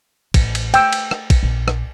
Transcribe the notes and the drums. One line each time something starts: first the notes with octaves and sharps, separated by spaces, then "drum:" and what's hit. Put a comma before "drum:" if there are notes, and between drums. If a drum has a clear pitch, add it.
A1, drum: kick, cymbal
drum: cymbal
A3 G5 E6, drum: cymbal
drum: cymbal
drum: rim click
drum: kick, cymbal
A#1
drum: rim click